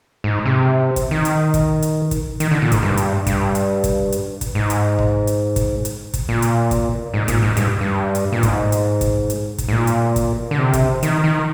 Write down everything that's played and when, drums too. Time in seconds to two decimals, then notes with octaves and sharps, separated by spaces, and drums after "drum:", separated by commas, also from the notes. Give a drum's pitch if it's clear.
0.24 G#2
0.46 C3
0.96 drum: kick, hi-hat
1.11 D#3
1.25 drum: hi-hat
1.54 drum: kick, hi-hat
1.82 drum: hi-hat
2.11 drum: kick, hi-hat
2.40 D#3, drum: hi-hat
2.51 D3
2.62 A#2
2.72 G#2, drum: kick, hi-hat
2.83 G2
2.97 drum: hi-hat
3.27 G2, drum: kick, hi-hat
3.55 drum: hi-hat
3.84 drum: kick, hi-hat
4.12 drum: hi-hat
4.41 drum: kick, hi-hat
4.55 G#2
4.70 drum: hi-hat
4.99 drum: kick
5.27 drum: hi-hat
5.56 drum: kick, hi-hat
5.85 drum: hi-hat
6.14 drum: kick, hi-hat
6.29 A#2
6.42 drum: hi-hat
6.71 drum: kick, hi-hat
7.14 G#2
7.28 A#2, drum: kick, hi-hat
7.43 G#2
7.57 G2, drum: hi-hat
7.81 G2
8.15 drum: hi-hat
8.32 A#2
8.43 G#2, drum: kick, hi-hat
8.72 drum: hi-hat
9.01 drum: kick, hi-hat
9.30 drum: hi-hat
9.58 drum: kick, hi-hat
9.68 G#2
9.73 A#2
9.87 drum: hi-hat
10.16 drum: kick, hi-hat
10.51 D3
10.59 C3
10.73 drum: kick, hi-hat
11.03 D#3, drum: hi-hat
11.24 D#3